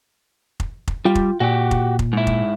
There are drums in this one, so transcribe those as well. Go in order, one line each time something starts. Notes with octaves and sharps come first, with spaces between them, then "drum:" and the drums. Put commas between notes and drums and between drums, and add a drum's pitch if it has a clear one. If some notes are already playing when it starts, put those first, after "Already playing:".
drum: kick F1
drum: kick F1
G3 F4 G5
drum: kick F1
A#2 F#4 G4
drum: kick F1
drum: kick F1
G#2 E4
drum: kick F1